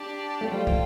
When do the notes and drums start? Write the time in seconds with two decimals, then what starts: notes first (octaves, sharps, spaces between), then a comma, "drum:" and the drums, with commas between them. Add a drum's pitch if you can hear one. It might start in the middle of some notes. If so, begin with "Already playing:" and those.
Already playing: D4 G4 D5 A5
0.41 A3
0.52 G3 F4 A4 C5 G5
0.67 drum: kick